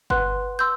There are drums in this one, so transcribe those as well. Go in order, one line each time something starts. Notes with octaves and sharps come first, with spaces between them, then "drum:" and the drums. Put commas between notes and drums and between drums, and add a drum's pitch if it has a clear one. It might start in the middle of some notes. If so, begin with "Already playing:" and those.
B4 F#5 C6 F#6, drum: kick G1
C6 E6 G6